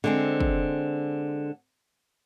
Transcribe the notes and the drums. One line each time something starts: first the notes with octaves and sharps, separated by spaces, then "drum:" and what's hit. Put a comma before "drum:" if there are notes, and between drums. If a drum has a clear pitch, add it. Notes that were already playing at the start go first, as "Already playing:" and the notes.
D3 G#3 C4
drum: kick